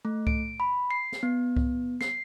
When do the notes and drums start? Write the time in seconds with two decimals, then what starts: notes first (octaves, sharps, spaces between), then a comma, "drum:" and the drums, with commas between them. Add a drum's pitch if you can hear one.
0.05 A3
0.27 D7, drum: kick C2
0.60 B5
0.91 C7
1.12 drum: snare
1.23 B3
1.56 drum: kick C2
2.01 C7, drum: snare